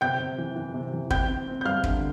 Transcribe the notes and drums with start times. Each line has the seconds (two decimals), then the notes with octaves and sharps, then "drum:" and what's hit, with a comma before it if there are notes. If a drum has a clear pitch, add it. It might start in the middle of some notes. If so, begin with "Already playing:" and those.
0.01 C3 G5 G6
0.20 C3
0.38 E3
0.56 E3
0.74 C3
0.93 E3
1.10 C4 G5 G6, drum: kick
1.29 C4
1.48 C4
1.61 G6
1.65 G3 F5 F6
1.84 D3, drum: kick